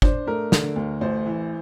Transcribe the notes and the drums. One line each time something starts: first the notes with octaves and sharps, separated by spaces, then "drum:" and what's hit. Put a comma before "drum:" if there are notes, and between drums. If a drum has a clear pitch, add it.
D4 C5, drum: kick
A3 A#4
D3, drum: snare
D2
A1 C5
E3